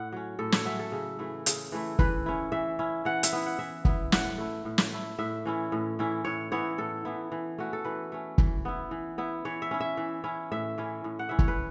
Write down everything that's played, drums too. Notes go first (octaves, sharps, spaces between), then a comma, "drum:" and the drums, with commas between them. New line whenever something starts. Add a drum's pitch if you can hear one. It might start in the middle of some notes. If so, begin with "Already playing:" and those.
Already playing: A2 F#5
F#3 C#4
A2 A4
C#5, drum: snare
F#3 C#4 E5
A4
C#3
E3 A3 E4
C#3, drum: hi-hat
E3 A3 E4
E3 B4, drum: kick
C#4 E4
E3 E5
C#4 E4
E3 F#5
E5, drum: hi-hat
B3 E4
F#5
E3 E5
B3 E4, drum: kick
A2 F#5, drum: snare
A3 E4
A2
drum: snare
A3 E4
A2 E5
E3 C#4 E4
A2
E3 C#4 E4
A2 C#5
E3 B3 E4 C#5
A2 A4
E3 B3 E4
E3
A3 C#4 F#4
A4
E3 B4
A3 C#4
E3, drum: kick
B3 E4
E3
B3 E4
E3 C#5
E5
C#4 E4
E5
E3
C#4 E4
A2 E5
E3 C#4 E4
A2
F#5
E3 C#4 E4 E5
C#5, drum: kick
B4